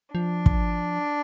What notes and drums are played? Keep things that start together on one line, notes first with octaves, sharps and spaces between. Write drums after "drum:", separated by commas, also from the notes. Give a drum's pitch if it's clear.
F3 D4
drum: kick